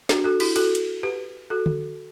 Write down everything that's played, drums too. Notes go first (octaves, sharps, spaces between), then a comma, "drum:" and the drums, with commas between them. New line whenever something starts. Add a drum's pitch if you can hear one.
D4 F#4, drum: snare
F#4 A4
E4 G4, drum: cymbal
F#4 A4, drum: cymbal
drum: hi-hat
G4 B4
F#4 A4
drum: tom D3